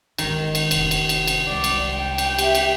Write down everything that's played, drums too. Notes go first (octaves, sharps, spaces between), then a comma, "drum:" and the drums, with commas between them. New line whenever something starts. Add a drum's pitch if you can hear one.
G1 D#3 G#3, drum: cymbal
drum: cymbal
F1, drum: cymbal
drum: cymbal
drum: cymbal
drum: cymbal
C2 G#3 D5
drum: cymbal
G5
drum: cymbal
G4 E5, drum: cymbal
drum: cymbal